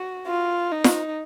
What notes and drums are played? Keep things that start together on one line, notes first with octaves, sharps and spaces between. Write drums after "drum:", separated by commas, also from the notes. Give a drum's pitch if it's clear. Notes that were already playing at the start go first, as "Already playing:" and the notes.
Already playing: F#4
F4
D#4
drum: snare